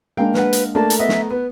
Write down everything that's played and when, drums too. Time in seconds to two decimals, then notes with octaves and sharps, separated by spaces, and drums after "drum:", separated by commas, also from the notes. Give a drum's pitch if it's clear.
0.17 G#3 A#3 D4 A#4 F5 G5
0.34 A#4 B4 F#5, drum: snare
0.53 drum: hi-hat
0.75 A3 A#3 D4 A#4 A5 A#5
0.90 drum: hi-hat
0.99 B3 D#5 E5
1.09 drum: snare
1.30 B3 B4